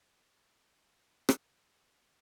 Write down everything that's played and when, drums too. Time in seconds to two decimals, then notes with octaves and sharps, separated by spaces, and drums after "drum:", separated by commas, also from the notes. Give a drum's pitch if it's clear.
0.04 D4 D#5
1.29 drum: rim click